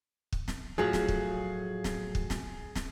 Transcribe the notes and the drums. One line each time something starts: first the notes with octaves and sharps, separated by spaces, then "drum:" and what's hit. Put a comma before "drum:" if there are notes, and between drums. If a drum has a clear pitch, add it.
drum: kick
drum: snare
A2 F3 F#3 G#4
drum: snare
drum: kick
drum: snare
drum: kick
drum: snare
drum: snare